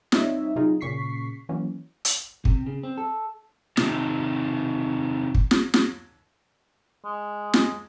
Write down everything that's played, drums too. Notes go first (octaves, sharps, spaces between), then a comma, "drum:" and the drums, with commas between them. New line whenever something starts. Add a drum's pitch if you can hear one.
G3 C4 D#4 C#5 D#5 E5, drum: snare
C3 F#3 D#4 F4 G#4
A#2 C#3 C#6 B6 C7
E3 F#3 A#3 C#4
drum: hi-hat
C3, drum: kick
C#3
C4
A4
C3 D#3, drum: snare
drum: kick
drum: snare
drum: snare
G#3
drum: snare